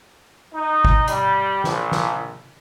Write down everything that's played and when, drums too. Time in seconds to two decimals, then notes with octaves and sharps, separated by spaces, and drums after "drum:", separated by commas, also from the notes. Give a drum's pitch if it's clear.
0.53 D#4
0.85 drum: kick
1.08 G3, drum: hi-hat
1.64 A#1, drum: snare
1.92 drum: snare